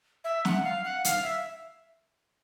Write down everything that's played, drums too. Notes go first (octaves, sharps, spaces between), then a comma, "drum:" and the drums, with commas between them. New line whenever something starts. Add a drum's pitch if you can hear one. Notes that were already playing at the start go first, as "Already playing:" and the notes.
E5
F#5, drum: snare
F5
F#5
F5, drum: hi-hat
E5